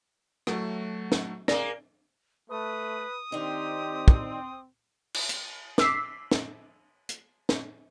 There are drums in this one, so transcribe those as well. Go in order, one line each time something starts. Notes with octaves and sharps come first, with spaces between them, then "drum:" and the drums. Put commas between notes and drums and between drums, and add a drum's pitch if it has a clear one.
F#3 A3 F#4, drum: rim click
drum: snare
G#3 A#3 D5, drum: snare
A3 B4 D#6
D#3 C4 D4 D#4 G4
drum: kick
drum: cymbal
drum: hi-hat
D6 E6 B6 C7, drum: snare
drum: snare
drum: hi-hat
drum: snare